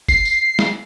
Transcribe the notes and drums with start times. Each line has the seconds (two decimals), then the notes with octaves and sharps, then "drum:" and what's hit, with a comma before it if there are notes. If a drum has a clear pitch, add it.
0.08 C7, drum: kick G1, tambourine
0.25 drum: tambourine
0.59 drum: snare